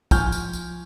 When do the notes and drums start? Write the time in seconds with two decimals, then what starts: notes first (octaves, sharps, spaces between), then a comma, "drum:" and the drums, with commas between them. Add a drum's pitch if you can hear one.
0.11 F3 G#5 C#6 F6 G6, drum: kick, tambourine
0.32 drum: tambourine
0.53 drum: tambourine